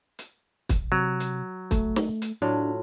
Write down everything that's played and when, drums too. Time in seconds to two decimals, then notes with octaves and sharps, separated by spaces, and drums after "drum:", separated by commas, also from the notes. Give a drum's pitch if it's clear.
0.19 drum: hi-hat
0.69 drum: kick, hi-hat
0.92 C3 F#3
1.20 drum: hi-hat
1.71 A3, drum: kick, hi-hat
1.96 drum: snare
2.22 drum: hi-hat
2.42 A2 F#3 D4 F4